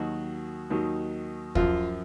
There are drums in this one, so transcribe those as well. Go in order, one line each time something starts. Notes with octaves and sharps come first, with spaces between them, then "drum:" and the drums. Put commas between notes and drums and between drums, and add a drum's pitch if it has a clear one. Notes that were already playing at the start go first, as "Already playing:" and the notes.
Already playing: D#2 D#3 F#3 F#4
D#2 D#3 F#3
F#2 F3 F4, drum: kick